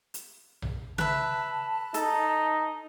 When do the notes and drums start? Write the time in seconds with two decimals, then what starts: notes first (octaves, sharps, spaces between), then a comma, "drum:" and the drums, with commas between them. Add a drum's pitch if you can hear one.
0.14 drum: hi-hat
0.62 drum: tom A#1
0.98 B4 E5 A5, drum: tom C#3
1.94 D#4 A4, drum: hi-hat